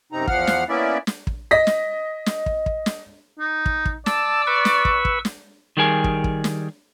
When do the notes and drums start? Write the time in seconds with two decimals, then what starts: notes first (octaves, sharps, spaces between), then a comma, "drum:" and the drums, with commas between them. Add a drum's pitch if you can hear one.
0.12 F#2 C3 C4 D#4 A#5
0.27 E2 F3 F5 F#5 F6, drum: kick
0.47 drum: snare
0.69 A#3 B3 C#4 E4 D5 E5
1.07 drum: snare
1.27 drum: kick
1.51 D#5 A#6 B6
1.67 drum: snare
2.26 drum: snare
2.46 drum: kick
2.66 drum: kick
2.86 drum: snare
3.39 D#4
3.66 drum: kick
3.85 drum: kick
4.06 D5 A5 E6, drum: snare
4.47 B4 C#6 E6
4.65 drum: snare
4.85 drum: kick
5.05 drum: kick
5.25 drum: snare
5.77 D#3 G3 G#4 A#4 G#5
6.04 drum: kick
6.24 drum: kick
6.44 drum: snare